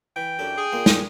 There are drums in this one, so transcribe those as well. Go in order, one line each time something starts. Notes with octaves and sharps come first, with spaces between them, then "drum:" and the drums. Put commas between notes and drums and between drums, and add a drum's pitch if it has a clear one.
E3 G5
F#2 D4 G4 A4
G#4
A#2 A#3 C6
drum: snare